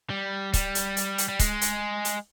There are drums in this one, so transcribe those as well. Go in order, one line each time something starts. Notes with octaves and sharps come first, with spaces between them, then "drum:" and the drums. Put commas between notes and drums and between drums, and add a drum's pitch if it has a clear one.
G3
G3, drum: kick C#1, hi-hat
drum: hi-hat
drum: hi-hat
drum: hi-hat
G3
G#3, drum: kick C#1, hi-hat
drum: hi-hat
drum: hi-hat